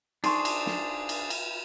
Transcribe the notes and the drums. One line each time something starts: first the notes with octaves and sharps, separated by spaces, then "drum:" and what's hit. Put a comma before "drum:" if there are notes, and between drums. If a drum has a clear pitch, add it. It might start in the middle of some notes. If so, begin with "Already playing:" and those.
D4 D#4 G#4 C5 C6 C#6, drum: cymbal
drum: cymbal
drum: snare
drum: cymbal
drum: cymbal